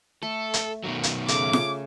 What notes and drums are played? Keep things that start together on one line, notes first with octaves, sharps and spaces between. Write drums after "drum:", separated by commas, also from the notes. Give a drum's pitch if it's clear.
A3 A4
drum: hi-hat
B2 D#3 F#3
drum: hi-hat
C#3 A3 D6, drum: hi-hat
drum: snare F4